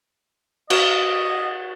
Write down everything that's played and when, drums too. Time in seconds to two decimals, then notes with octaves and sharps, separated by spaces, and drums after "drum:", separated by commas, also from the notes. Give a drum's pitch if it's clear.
0.70 F#4 D#5, drum: cymbal